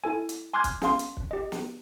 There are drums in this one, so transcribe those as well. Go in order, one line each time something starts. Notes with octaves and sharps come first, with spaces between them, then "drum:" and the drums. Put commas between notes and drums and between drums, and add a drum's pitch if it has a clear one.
E4 A4 G#5
drum: hi-hat
G#5 C6 D6 F6 F#6 G#6
drum: kick, hi-hat
C#4 G#4 F5 C6, drum: snare
drum: hi-hat
drum: kick
G4 D#5
drum: snare